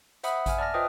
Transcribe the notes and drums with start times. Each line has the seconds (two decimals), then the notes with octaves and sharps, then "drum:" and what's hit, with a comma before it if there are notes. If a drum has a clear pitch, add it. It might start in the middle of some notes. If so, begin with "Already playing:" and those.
0.24 C5 E5 F#5 B5 D#6, drum: hi-hat
0.46 E5 G#5 F6, drum: kick A1, hi-hat
0.58 D5 A5 F6 A#6
0.74 F4 B4 C5 D#5 G5 D#6